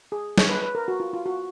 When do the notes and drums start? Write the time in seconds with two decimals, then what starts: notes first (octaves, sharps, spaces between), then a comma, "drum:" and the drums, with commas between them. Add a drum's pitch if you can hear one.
0.12 G#4
0.38 C#5, drum: snare
0.49 B4
0.63 B4
0.75 A#4
0.88 F#4
1.00 F4
1.13 F4
1.26 F#4